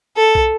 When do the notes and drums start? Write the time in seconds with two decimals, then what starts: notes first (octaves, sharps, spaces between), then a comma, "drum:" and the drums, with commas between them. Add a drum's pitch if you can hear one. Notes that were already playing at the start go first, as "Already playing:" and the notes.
0.17 A4
0.35 drum: kick